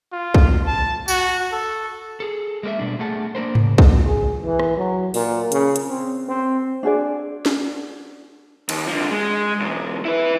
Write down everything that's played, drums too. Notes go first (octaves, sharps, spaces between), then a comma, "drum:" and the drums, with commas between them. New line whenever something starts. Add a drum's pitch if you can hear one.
F4
drum: kick B1
A5
F#4, drum: tambourine
A4
G#4 A4
G#3 A#3 D4 E5
B2 G3 D4
A3 G#4 F#5 A5
A#3 D4 A#4 C5
C#3, drum: tom G#2
drum: kick B1
G#4
E3
drum: rim click
F#3
A#2, drum: open hi-hat
C#3, drum: hi-hat
drum: hi-hat
C4
C4
D4 F#4 G#4 D5
drum: snare
D#2, drum: cymbal
D3 F3
G#3
B1 E2
E4 B4